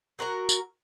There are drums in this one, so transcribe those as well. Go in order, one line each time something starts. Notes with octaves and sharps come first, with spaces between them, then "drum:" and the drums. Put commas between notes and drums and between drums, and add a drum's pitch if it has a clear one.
F#3 F#4 A#4 A#5
drum: tambourine